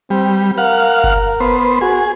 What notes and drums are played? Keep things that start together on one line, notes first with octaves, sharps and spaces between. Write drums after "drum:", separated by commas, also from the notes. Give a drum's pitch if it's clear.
G3 C4
A#4 F5 F#5
drum: kick F#1
B3 C5
F#4 G#4